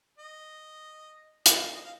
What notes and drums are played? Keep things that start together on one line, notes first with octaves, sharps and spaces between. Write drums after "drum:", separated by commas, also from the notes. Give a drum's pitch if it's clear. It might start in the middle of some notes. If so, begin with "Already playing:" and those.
D#5
D#5, drum: hi-hat
F5
D#5
F5